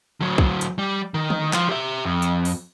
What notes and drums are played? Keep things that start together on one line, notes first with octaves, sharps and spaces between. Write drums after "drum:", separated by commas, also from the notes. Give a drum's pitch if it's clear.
D3 F#3
drum: kick
drum: hi-hat
G3
D#3
drum: tom D3
F3 F4, drum: clap
G4 E5
F2
drum: hi-hat
drum: open hi-hat